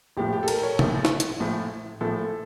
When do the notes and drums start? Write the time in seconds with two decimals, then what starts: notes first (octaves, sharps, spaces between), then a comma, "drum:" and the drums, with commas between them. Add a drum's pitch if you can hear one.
0.17 A#1 A2 F3 G4
0.33 G4
0.43 A4
0.48 A#4, drum: cymbal
0.63 C#5
0.79 A#1 A2 F3, drum: tom
1.05 drum: snare
1.20 drum: hi-hat
1.40 A#1 A2 F3
2.01 A#1 A2 F3 A4